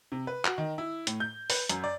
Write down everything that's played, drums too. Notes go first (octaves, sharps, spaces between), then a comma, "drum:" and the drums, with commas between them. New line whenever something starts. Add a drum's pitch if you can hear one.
C3
B4
F#4, drum: clap
D#3
E4
A2, drum: hi-hat
G6
B4, drum: open hi-hat
F#2, drum: hi-hat
D5